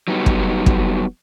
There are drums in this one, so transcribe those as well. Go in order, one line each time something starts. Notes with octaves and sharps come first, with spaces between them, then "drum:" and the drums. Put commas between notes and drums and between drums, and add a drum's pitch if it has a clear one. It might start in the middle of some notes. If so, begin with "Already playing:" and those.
F#3 G3 B3 D#4
drum: kick
drum: kick